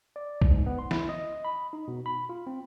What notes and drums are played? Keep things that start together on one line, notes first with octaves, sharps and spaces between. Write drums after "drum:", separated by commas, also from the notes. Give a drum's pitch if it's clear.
D5
drum: kick B1
G#2
B3
C6
E4, drum: snare
D#5
B5
D#4
B2
B5
F4
C4